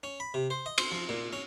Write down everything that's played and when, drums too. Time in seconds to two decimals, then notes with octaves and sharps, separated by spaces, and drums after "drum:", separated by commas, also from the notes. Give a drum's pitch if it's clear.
0.03 C#4
0.20 B5
0.34 C3
0.50 C5
0.66 D#5
0.78 C5, drum: cymbal
0.92 F3
1.09 A#2
1.33 C#4